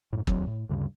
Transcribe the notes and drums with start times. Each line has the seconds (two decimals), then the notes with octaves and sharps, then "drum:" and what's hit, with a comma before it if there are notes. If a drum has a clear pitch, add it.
0.13 F#2 A2
0.27 E1 D#2 F#3 C4, drum: kick
0.47 A2
0.69 D2 G2 C#3